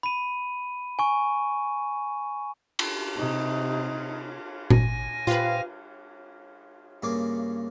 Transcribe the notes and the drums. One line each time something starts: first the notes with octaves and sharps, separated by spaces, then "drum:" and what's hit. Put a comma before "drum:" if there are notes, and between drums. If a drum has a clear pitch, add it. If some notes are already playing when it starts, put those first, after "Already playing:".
B5 D#7
G#5 C#6
drum: cymbal
C3 D#4
G#1 G#5 A#6, drum: tom A#2
A#2 F4 G4 B4 C5 F5
G2 C#3 A#3 C#5 F5 D6